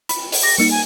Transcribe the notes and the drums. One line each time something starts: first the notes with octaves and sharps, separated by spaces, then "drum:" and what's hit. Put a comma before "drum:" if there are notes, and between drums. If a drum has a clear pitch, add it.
B5, drum: hi-hat
drum: open hi-hat
D6 A#6
G3 A#3 D#4 C#7
G#5